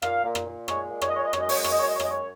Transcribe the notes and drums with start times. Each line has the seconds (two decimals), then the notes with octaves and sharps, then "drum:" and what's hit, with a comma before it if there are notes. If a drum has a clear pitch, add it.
0.02 A#2 F5, drum: rim click
0.24 A#2
0.35 drum: rim click
0.46 A#2
0.68 G#3 C#5, drum: rim click
0.91 A#2
1.02 C#5, drum: rim click
1.08 D#5
1.12 G#3 C#5
1.25 D#5
1.33 F#2 C#5, drum: rim click
1.40 D#5
1.49 C#5, drum: open hi-hat
1.56 G#3 D#5
1.64 C#5, drum: rim click
1.71 D#5
1.79 F#2 C#5
1.88 D#5
1.96 C#5
2.00 G#3 D#5, drum: rim click
2.11 C#5